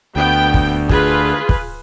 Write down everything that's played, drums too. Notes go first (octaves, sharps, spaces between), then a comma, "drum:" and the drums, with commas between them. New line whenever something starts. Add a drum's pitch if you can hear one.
D2 B3 G5
drum: kick
F4 G#4 B4, drum: kick
drum: kick